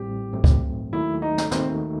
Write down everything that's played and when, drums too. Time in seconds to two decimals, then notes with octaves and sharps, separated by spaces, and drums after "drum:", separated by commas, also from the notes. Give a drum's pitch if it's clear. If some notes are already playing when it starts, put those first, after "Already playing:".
Already playing: A1 A2 G3 C4 G4
0.33 A1 G2 F#3 A3 C4
0.44 drum: kick C#2
0.92 D#2 D#3 F#3 A3 E4
1.22 D#4
1.38 drum: snare
1.51 D#2 D#3 A3 C4 D#4 F#4, drum: snare